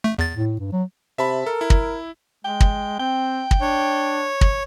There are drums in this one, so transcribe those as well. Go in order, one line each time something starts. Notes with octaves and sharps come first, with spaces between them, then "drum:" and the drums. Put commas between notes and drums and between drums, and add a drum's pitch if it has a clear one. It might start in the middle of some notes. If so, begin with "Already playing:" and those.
A3
E2 A6
A2
G2
F#3
C3 E5 A5 B5
A4 A#4
E4
drum: kick
G#3 G5
drum: kick
C4 G5
drum: kick
D4 C#5
drum: kick